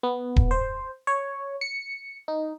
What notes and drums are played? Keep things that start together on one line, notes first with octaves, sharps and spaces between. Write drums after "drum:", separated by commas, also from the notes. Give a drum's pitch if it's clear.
B3
drum: kick D#1
C5
C#5
C#7
D#4